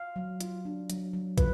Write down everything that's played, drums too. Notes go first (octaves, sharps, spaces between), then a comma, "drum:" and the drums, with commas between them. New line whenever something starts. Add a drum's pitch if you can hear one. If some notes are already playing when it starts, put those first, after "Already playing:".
Already playing: F5
F#3
F4, drum: hi-hat
D4
F#3, drum: hi-hat
F#3
F4 B4, drum: kick, hi-hat